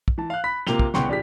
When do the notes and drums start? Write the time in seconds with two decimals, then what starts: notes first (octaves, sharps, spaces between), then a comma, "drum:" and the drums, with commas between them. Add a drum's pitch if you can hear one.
0.08 drum: kick
0.18 E3 A5
0.30 F5 F#6
0.44 B5 B6
0.67 C3 A#3 F4 G5 F7 G7, drum: snare
0.79 drum: kick
0.94 C2 C#3 B3 G5 C6 C#6, drum: snare
1.08 A#1 D4 G4 G#4 B6